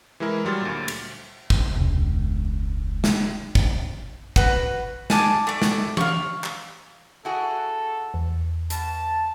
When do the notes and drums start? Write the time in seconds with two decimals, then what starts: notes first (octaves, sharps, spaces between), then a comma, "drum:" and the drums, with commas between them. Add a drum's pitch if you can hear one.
0.20 E3 G#3 E4 A#4
0.45 F#3 G3 C6 F6 A6
0.61 D2 A#2
0.88 drum: cymbal
1.50 drum: kick
1.74 E1 C#2
3.04 drum: snare
3.55 drum: kick
4.36 F#4 B4, drum: kick
5.10 G#5 A5 D6, drum: snare
5.47 A3 D5
5.62 drum: snare
5.97 F5 C#6, drum: tom E3
6.44 drum: clap
7.25 E4 F#4 G#4 A4
8.14 E2
8.70 B2 A5, drum: hi-hat